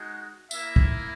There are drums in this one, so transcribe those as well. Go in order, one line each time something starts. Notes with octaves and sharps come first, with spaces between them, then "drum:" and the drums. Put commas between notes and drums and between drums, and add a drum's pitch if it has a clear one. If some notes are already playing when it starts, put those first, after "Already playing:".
Already playing: G#3 D#4 F#4
A#3 E4 E5, drum: tambourine
drum: kick